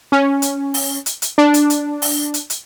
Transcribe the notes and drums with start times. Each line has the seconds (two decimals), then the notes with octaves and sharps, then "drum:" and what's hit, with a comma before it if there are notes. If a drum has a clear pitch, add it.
0.12 C#4
0.42 drum: hi-hat
0.74 drum: open hi-hat
1.06 drum: hi-hat
1.22 drum: hi-hat
1.38 D4
1.54 drum: hi-hat
1.70 drum: hi-hat
2.02 drum: open hi-hat
2.34 drum: hi-hat
2.50 drum: hi-hat